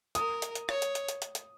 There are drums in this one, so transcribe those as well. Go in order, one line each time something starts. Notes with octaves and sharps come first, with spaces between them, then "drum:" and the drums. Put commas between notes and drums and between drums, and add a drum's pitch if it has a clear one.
A#4 D#6, drum: hi-hat
drum: hi-hat
drum: hi-hat
C#5, drum: rim click
drum: hi-hat
drum: hi-hat
drum: hi-hat
drum: hi-hat
drum: hi-hat